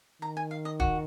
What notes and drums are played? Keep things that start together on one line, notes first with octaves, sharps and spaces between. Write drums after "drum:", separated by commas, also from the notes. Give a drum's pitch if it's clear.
D#3 A#5
G#5
F5
D#5
F#4, drum: kick